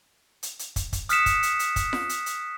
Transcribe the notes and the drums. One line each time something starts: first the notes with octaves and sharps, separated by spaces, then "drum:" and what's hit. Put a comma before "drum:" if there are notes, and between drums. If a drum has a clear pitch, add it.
drum: hi-hat
drum: hi-hat
drum: kick, hi-hat
drum: kick, hi-hat
D#6 F6 F#6 B6 C#7 E7, drum: hi-hat
drum: kick, hi-hat
drum: hi-hat
drum: hi-hat
drum: kick, hi-hat
drum: snare F4
drum: hi-hat
drum: hi-hat